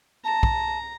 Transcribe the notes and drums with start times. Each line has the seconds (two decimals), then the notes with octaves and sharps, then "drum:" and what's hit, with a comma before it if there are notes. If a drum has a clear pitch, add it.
0.25 A5 A#5
0.43 drum: kick